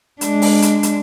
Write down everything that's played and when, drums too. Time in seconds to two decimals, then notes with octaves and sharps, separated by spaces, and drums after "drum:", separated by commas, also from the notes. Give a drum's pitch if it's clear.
0.21 G#3 D4, drum: hi-hat
0.42 drum: open hi-hat
0.62 drum: hi-hat
0.83 drum: hi-hat